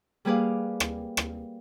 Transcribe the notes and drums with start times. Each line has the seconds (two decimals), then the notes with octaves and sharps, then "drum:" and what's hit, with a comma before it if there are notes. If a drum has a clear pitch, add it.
0.25 G3 A#3 G#4 B4 D5 F5
0.80 drum: rim click
1.17 drum: rim click